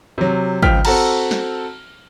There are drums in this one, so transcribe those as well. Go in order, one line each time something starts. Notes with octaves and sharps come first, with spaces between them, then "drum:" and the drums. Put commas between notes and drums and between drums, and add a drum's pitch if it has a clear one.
C3 F#3
C#2 F3 G5 F6 B6, drum: kick G#1
C4 F#4 A4 F#5 A5 A#5, drum: cymbal
drum: snare